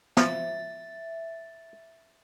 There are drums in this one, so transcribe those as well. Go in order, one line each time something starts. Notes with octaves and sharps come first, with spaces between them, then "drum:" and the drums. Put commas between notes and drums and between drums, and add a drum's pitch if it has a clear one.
F3 E5 A6, drum: snare